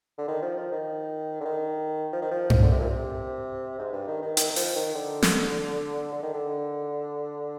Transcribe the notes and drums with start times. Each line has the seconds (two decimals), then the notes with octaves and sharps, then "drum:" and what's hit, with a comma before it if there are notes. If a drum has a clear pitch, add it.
0.18 D3
0.28 D#3
0.42 F3
0.58 F3
0.72 D#3
1.41 D3
1.45 D#3
2.13 F3
2.22 D#3
2.31 F3
2.50 drum: tom G2
2.62 D3
2.71 C3
2.81 A#2
2.91 C3
3.79 G#2
3.93 G2
4.08 D#3
4.22 D#3
4.37 D#3, drum: hi-hat
4.50 D#3
4.56 F3, drum: open hi-hat
4.76 D#3
4.95 D3
5.22 drum: snare
6.12 D3
6.23 D#3
6.34 D3